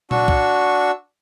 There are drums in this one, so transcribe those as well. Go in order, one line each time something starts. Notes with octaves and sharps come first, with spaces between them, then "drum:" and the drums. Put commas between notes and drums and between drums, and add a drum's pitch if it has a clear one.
D4 F#4 C#6 E6, drum: tom A#2
drum: kick C2